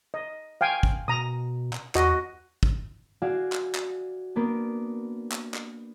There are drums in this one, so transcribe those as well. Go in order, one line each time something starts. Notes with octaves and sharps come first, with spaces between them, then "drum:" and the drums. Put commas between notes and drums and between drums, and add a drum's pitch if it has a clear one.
D#5
F5 G5 G#5
drum: kick
B2 A#5 D#6
drum: clap
E2 F#4 D#5, drum: clap
drum: kick
F#4 G#4 D5 E5 F5
drum: clap
drum: clap
A#3 B3 D4
drum: clap
drum: clap